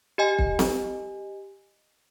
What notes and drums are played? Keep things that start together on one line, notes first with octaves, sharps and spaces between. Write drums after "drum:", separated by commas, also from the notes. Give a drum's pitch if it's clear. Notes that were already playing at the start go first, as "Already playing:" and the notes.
G4 D#5 G#5
drum: kick
drum: snare C4